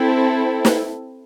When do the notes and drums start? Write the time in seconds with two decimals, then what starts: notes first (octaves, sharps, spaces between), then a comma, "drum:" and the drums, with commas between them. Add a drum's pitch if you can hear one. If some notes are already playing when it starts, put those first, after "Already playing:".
Already playing: C4 E4 A4
0.65 drum: snare